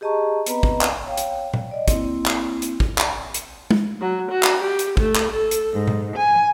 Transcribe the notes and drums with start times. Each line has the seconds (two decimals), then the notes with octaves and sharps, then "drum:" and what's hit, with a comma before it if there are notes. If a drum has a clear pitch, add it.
0.01 G4 G#4 D#5 A5 A#5 C#6
0.46 B3 C4 B4 D#5 A#5 B5, drum: hi-hat
0.63 drum: kick
0.81 drum: clap
1.06 C#5 F5 G5
1.17 drum: hi-hat
1.54 drum: tom A#2
1.71 D5 D#5
1.88 A#3 C4 E4, drum: kick, hi-hat
2.26 drum: clap
2.62 drum: hi-hat
2.80 drum: kick
2.98 drum: clap
3.34 drum: hi-hat
3.71 drum: tom
4.00 F#3
4.29 F#4
4.43 drum: clap
4.61 G4
4.79 drum: hi-hat
4.97 A3, drum: kick
5.15 drum: clap
5.30 A4
5.51 drum: hi-hat
5.74 G#2
5.87 drum: tom A#2
6.17 G#5